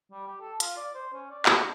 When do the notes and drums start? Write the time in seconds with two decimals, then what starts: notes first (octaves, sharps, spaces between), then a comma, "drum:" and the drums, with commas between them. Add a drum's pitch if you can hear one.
0.12 G3
0.27 G4
0.41 A4
0.60 F4, drum: hi-hat
0.76 D5
0.95 C5
1.13 C#4
1.30 D5
1.46 B3, drum: clap
1.60 D4